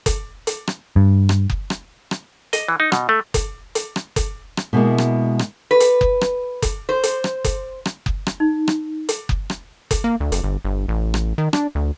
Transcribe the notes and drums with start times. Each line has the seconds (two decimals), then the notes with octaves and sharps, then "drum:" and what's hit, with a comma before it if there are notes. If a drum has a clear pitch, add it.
0.06 drum: kick F#1, hi-hat
0.47 drum: hi-hat
0.67 drum: rim click
0.96 G2
1.29 drum: rim click
1.50 drum: kick F#1
1.70 drum: rim click
2.11 drum: rim click
2.53 D#5, drum: hi-hat
2.68 E3
2.80 D#4
2.92 B2, drum: rim click
3.09 A3
3.34 drum: kick F#1, hi-hat
3.75 drum: hi-hat
3.96 drum: rim click
4.16 drum: kick F#1, hi-hat
4.57 drum: rim click
4.73 B2 G#3 A#3 E4
4.98 drum: rim click
5.39 drum: rim click
5.71 B4
5.80 drum: hi-hat
6.01 drum: kick F#1
6.21 drum: rim click
6.62 drum: kick F#1, hi-hat
6.89 C5
7.03 drum: hi-hat
7.24 drum: rim click
7.44 drum: kick F#1, hi-hat
7.85 drum: rim click
8.06 drum: kick F#1
8.27 drum: rim click
8.40 D#4
8.68 drum: rim click
9.09 drum: hi-hat
9.29 drum: kick F#1
9.50 drum: rim click
9.91 drum: kick F#1, hi-hat
10.04 A#3
10.20 D2
10.32 F#1, drum: hi-hat
10.44 G1
10.65 G1
10.88 A1
11.14 drum: rim click
11.38 D#3
11.53 D4, drum: rim click
11.75 D2